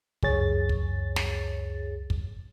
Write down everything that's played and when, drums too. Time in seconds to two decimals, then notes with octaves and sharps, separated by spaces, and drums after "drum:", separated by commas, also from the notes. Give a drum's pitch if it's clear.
0.23 C#2 F#2 G#4 C#5 A6, drum: kick
0.69 drum: kick
1.16 drum: snare
2.10 drum: kick